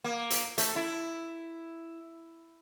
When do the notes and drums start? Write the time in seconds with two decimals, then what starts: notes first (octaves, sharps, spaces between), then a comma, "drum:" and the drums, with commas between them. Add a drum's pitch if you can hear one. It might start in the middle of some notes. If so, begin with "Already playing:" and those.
0.04 A#3
0.30 drum: hi-hat
0.58 A3, drum: hi-hat
0.76 E4